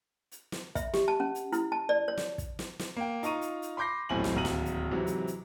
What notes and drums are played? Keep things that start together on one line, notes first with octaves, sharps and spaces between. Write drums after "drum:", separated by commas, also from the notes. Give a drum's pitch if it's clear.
drum: hi-hat
drum: snare
E5, drum: kick, hi-hat
G4, drum: snare
A5
C#4
drum: hi-hat
E4, drum: hi-hat
A5
D5
C#5
drum: snare
drum: kick, hi-hat
drum: snare
drum: snare
A#3 G5
D#4 F4 A#5 C#6 D#7, drum: hi-hat
drum: hi-hat
drum: hi-hat
B5 C6 D6 G6 A#6 C7
D#1 B1 A2 C4 G#5 F#7
drum: snare
D1 D#2 A#5 D#7 F#7
drum: snare
drum: hi-hat
G#2 C3 E3 F#3
drum: hi-hat
drum: hi-hat